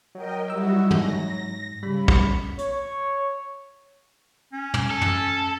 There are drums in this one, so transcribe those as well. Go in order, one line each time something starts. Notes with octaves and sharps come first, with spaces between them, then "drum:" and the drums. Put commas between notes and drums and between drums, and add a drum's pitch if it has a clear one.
F#3 A#4 D#5 G5
G3 E4 F#4 D#5 E6
G#2 A#6, drum: tom
C#3 G3 B5
drum: kick
C#5, drum: hi-hat
C#4
drum: tom
A4
drum: tom